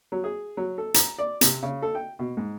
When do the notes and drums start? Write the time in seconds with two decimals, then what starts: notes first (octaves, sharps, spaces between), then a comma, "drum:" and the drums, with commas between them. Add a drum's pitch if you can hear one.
0.12 F#3
0.24 G#4
0.57 F#3
0.78 A4
0.94 A#5, drum: hi-hat
1.19 D5
1.41 C3, drum: hi-hat
1.63 C#3
1.82 A4
1.95 G5
2.19 B2
2.37 G#2